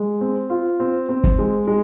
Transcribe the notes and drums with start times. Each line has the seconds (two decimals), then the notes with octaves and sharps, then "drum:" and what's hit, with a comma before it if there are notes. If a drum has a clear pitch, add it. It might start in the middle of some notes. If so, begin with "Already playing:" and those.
Already playing: G#3
0.21 C4
0.50 F4
0.80 C4
1.09 C4
1.24 drum: kick
1.39 G#3
1.67 G#3